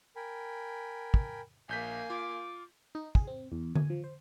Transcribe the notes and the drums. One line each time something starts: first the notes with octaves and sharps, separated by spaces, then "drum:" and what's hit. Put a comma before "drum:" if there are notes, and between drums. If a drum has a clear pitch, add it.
A#4 G5 G#5 B5
drum: kick
A#1 A#3 G#5 G6 B6
F4 D6
D#4
G#4, drum: kick
C4
E2
G#5, drum: tom D3
F3
C5